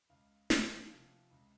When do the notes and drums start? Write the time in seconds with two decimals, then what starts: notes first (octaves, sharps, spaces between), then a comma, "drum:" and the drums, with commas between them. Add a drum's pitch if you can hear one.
0.09 C#2 F5
0.50 F3 G5, drum: snare
0.90 C3 F5
1.31 C#2